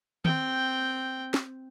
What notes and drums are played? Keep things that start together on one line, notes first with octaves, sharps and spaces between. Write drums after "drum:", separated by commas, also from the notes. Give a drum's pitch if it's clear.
C4 G5, drum: tom D#3
drum: snare